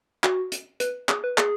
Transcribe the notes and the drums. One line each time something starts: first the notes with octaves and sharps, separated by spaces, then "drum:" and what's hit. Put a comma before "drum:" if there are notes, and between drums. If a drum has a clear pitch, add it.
F#4, drum: clap
drum: hi-hat
B4, drum: hi-hat
G#4, drum: clap
B4
G#4, drum: clap